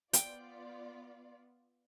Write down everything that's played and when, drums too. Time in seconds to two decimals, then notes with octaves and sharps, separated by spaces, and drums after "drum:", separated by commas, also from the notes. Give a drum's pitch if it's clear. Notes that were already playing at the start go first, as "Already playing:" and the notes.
0.13 B3 F4 D5 G5, drum: hi-hat